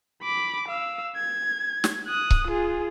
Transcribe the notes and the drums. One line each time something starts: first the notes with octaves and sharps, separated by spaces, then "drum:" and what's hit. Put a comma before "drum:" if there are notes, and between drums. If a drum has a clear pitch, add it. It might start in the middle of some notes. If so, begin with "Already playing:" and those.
B5 D6
F5 E6
G#6
drum: snare
D#6 F#6
drum: kick C#1
F4 G#4